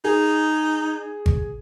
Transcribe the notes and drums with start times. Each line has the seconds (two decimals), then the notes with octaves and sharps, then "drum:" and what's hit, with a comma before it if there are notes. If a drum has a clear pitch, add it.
0.04 D#4 G#4
1.26 drum: kick G#1